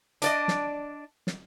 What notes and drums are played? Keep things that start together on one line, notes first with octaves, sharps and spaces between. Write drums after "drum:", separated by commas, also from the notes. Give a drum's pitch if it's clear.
D4 D5 D#5, drum: hi-hat
drum: snare
drum: snare